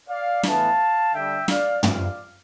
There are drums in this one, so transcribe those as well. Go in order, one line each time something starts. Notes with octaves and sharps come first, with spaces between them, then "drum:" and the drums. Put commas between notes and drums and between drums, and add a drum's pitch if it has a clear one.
D5 F5
A2 E3 B3 F5 A5, drum: snare
D3 G3 D4 E5 G5
D5 F5, drum: snare
G2 F3 C4 D5 F5, drum: tom